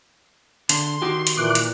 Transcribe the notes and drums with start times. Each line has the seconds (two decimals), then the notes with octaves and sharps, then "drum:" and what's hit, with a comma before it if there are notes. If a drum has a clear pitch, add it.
0.69 D3 C6, drum: hi-hat
1.02 D#3 F#4 G4
1.27 drum: hi-hat
1.37 A#2 E3 D6 F#6
1.55 drum: hi-hat